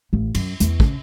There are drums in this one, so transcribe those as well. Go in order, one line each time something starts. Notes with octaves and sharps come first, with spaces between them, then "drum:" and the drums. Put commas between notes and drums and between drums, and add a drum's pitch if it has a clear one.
A1
F#2, drum: cymbal
E2, drum: hi-hat
C#3, drum: kick